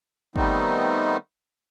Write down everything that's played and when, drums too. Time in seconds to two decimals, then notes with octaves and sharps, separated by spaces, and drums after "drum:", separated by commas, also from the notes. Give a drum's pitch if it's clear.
0.36 D#3 G3 A3 B3 C4 D#4, drum: kick